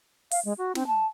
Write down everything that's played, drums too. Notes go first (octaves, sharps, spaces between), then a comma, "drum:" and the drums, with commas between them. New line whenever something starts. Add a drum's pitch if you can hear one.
F5, drum: open hi-hat
G#3
F#4
C4, drum: snare
A5